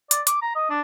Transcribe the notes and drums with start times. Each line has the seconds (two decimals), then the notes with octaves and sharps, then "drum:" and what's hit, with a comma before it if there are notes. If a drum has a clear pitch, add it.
0.11 D5, drum: hi-hat
0.27 D6, drum: hi-hat
0.42 A#5
0.55 D#5
0.70 D4